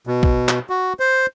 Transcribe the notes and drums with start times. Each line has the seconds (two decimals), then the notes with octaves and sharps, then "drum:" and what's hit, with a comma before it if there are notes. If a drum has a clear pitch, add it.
0.07 B2
0.23 drum: kick
0.49 drum: clap
0.70 F#4
1.00 C5